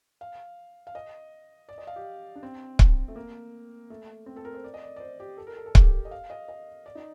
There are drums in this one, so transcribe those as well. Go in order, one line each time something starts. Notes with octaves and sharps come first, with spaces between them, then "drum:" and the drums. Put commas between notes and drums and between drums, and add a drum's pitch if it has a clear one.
F5
F5
D#5
D5
D#5
F5
G4
D4
C4
drum: kick C#1
A3
A#3
A3
C4
A4
A#4
C5
D5
D#5
D5
D5
C5
G4
A4
A#4
A4
A4
G4, drum: kick C#1
D#5
F5
D#5
D#5
D5
D#4